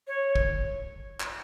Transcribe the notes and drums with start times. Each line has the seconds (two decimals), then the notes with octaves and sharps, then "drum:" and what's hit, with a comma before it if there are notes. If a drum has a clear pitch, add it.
0.07 C#5
0.36 drum: kick
1.20 drum: clap